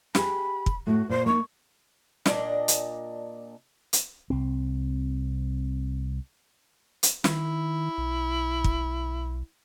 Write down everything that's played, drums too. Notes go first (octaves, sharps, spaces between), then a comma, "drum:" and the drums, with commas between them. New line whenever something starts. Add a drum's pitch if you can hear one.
G4 G#4 B5, drum: snare
drum: kick
A2 A3 F#4
A#2 C5
A#3 D#4 C#6
A#2 D4 D#5, drum: snare
drum: hi-hat
drum: hi-hat
C2 C4
drum: hi-hat
D#3 E4, drum: snare
B1
drum: kick